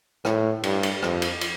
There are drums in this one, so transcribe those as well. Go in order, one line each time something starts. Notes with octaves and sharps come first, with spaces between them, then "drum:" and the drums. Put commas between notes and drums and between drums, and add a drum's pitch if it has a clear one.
A2, drum: rim click
G2, drum: cymbal
drum: cymbal
F2, drum: rim click
drum: cymbal
drum: cymbal